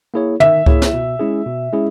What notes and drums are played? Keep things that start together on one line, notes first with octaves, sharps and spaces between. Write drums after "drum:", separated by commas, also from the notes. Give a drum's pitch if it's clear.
A#3 E4 G#4 C#5
D#3 E5, drum: tom
A#3 E4 G#4 C#5, drum: kick C#2
drum: snare
B2
G#3 C#4 E4 G#4
B2
G#3 C#4 E4 G#4